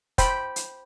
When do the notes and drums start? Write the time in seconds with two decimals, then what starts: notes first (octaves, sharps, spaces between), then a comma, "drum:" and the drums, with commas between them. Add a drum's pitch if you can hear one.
0.18 C5 G5 B5, drum: kick, hi-hat
0.56 drum: hi-hat